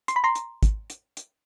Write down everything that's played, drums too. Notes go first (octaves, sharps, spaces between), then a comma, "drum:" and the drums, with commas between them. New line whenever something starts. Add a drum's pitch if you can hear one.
C6, drum: hi-hat
B5
A#5 C6
drum: hi-hat
drum: kick, hi-hat
drum: hi-hat
drum: hi-hat